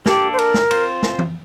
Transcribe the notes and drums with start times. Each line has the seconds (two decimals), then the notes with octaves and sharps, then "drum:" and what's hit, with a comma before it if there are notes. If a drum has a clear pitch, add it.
0.06 A#3 D4 G4 A4 D5, drum: snare
0.33 C5
0.38 A#4, drum: cymbal
0.54 drum: snare
0.71 C4 F4 C5, drum: cymbal
1.03 drum: snare
1.19 drum: tom E3